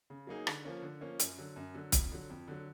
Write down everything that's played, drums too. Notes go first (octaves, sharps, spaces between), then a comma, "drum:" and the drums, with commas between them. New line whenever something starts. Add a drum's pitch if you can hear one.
C#3
F#3 A#3 D#4 G#4
D3, drum: rim click
F3 A#3 C#4
D3
F3 A#3 C#4
F#2, drum: hi-hat
D3 F#3
F#2
D3 F#3
F2, drum: kick, hi-hat
D3 F#3
F2
D3 F#3